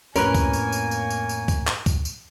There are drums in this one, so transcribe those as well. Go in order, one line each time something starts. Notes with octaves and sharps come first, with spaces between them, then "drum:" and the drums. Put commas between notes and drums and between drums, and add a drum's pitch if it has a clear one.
F2 A2 A#3 C#4 A#4 B4 C#5 G#5, drum: tambourine
drum: kick, tambourine
drum: tambourine
drum: tambourine
drum: tambourine
drum: tambourine
drum: tambourine
drum: kick, tambourine
drum: clap
drum: kick, tambourine
drum: tambourine